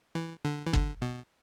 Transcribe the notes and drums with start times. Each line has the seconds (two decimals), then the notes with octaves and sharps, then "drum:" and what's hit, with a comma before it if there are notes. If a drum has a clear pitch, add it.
0.15 E3
0.45 D3
0.66 E3
0.73 D3, drum: kick
1.02 B2